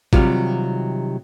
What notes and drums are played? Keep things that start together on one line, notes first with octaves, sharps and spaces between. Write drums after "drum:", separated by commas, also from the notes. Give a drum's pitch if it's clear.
C3 D#3 F#3 G3 F4 G4, drum: kick